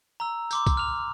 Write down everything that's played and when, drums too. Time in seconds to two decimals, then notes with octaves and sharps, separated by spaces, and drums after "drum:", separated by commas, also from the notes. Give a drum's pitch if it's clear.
0.20 A#5 E6
0.51 C6 D6 G6, drum: tambourine
0.67 drum: kick, tambourine
0.77 F6 F7